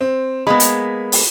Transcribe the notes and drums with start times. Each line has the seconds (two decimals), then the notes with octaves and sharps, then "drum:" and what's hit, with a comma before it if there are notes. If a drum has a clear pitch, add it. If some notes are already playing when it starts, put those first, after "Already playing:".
0.01 C4
0.47 G#3 A#3 B3 B5
0.60 drum: hi-hat
1.12 drum: open hi-hat